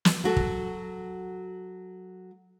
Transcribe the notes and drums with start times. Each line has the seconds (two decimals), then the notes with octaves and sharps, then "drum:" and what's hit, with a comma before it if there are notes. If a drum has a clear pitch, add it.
0.05 drum: snare
0.24 F#3 F#4 A4
0.37 drum: kick